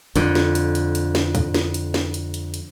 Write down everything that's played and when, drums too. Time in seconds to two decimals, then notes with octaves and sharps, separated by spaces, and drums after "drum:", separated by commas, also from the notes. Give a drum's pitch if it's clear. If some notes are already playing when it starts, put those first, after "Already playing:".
0.16 F2 D3, drum: hi-hat
0.35 drum: snare
0.55 drum: hi-hat
0.75 drum: hi-hat
0.95 drum: hi-hat
1.15 drum: snare
1.35 drum: kick, hi-hat
1.54 drum: snare
1.74 drum: hi-hat
1.94 drum: snare
2.14 drum: hi-hat
2.34 drum: hi-hat
2.54 drum: hi-hat